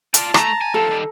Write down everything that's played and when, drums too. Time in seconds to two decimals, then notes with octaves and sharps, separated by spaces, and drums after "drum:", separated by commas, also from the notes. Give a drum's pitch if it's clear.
0.14 F4 D5 A5, drum: hi-hat
0.34 A3 A#5, drum: rim click
0.61 G#5
0.74 D2 F3 A4
0.91 D#3 G3